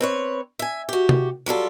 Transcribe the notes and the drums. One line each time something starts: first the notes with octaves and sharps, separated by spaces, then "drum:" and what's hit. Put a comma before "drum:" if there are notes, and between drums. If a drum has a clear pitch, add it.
C4 B4 C#5
E5 G#5
F#4 G4
drum: tom C3
F#3 G3 F4 A4